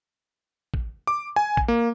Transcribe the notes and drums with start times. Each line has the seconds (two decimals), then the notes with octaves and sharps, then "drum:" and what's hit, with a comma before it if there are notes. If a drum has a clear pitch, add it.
0.74 drum: kick
1.07 D6
1.36 G#5
1.57 drum: kick
1.68 A#3